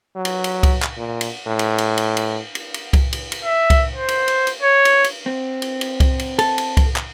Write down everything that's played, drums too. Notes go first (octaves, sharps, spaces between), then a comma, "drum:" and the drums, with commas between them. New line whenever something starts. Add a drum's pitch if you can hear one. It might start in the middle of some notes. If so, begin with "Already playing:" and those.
F#3
drum: cymbal
drum: cymbal
drum: kick C2, cymbal
drum: clap
A#2
drum: cymbal
A2
drum: cymbal
drum: cymbal
drum: cymbal
drum: cymbal
drum: cymbal
drum: cymbal
drum: kick C2, cymbal
drum: cymbal
drum: cymbal
E5
drum: kick C2, cymbal
C5
drum: cymbal
drum: cymbal
drum: cymbal
C#5
drum: cymbal
drum: cymbal
C4
drum: cymbal
drum: cymbal
drum: kick C2, cymbal
drum: cymbal
A4, drum: cymbal
drum: cymbal
drum: kick C2, cymbal
drum: clap